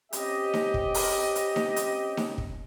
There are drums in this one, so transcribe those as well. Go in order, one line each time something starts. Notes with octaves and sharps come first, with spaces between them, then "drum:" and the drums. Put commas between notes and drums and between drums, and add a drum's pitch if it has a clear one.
C4 C#4 G4 D#5, drum: hi-hat
drum: snare D#4
drum: kick
drum: open hi-hat
drum: hi-hat
drum: snare D#4
drum: hi-hat
drum: snare D#4
drum: kick